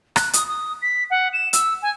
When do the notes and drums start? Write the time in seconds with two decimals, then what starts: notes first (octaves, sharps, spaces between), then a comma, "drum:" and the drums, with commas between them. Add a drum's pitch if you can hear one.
0.16 F#6, drum: rim click
0.33 D#6, drum: hi-hat
0.48 D#6
0.82 B6
1.10 F#5
1.33 E7
1.53 E6, drum: hi-hat
1.82 G#5